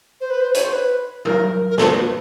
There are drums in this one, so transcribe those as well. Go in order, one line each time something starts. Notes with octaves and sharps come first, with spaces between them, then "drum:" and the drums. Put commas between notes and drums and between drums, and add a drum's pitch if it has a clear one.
C5
B4
C5
C#5, drum: hi-hat
C5
B4
A#4, drum: tom
A#4
A4, drum: snare
B4